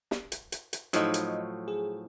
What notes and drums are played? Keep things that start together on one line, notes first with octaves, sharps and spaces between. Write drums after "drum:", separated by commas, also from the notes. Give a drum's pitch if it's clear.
drum: snare
drum: hi-hat
drum: hi-hat
drum: hi-hat
A2 F3 F#3 D#4 D#5, drum: hi-hat
drum: hi-hat
G#4